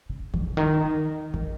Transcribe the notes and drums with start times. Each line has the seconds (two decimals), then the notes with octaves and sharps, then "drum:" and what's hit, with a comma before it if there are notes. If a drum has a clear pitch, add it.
0.09 C#3
0.34 E3, drum: kick
0.41 D#3
0.49 C#3
0.57 D#3
1.34 D#3, drum: kick